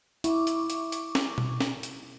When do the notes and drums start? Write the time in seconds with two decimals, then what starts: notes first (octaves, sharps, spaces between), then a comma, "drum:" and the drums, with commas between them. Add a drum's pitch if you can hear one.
0.24 E4 C#6 D6, drum: hi-hat
0.47 drum: hi-hat
0.70 drum: hi-hat
0.92 drum: hi-hat
1.15 drum: snare
1.38 drum: tom B2
1.61 drum: snare
1.83 drum: hi-hat